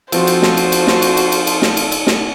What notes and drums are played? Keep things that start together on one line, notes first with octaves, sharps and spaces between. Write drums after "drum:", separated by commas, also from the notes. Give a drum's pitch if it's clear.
F3 C4 F4 F#4 A4 C5, drum: cymbal
drum: cymbal
drum: snare
drum: cymbal
drum: cymbal
drum: snare
drum: cymbal
drum: cymbal
drum: cymbal
drum: cymbal
drum: snare
drum: cymbal
drum: cymbal
drum: snare